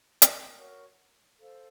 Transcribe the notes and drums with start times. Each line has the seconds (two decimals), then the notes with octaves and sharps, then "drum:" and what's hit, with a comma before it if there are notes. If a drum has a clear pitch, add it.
0.22 drum: hi-hat
0.55 F#4 A#4 C#5 F#5
1.40 A4 C5 F5